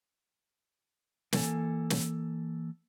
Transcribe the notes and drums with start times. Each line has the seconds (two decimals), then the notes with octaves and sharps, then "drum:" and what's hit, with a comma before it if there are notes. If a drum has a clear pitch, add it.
1.33 E3 A#3 A4 G#5, drum: snare
1.90 drum: snare